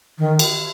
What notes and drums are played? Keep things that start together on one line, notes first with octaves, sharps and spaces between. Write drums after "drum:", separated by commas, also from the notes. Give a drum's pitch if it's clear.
D#3
drum: cymbal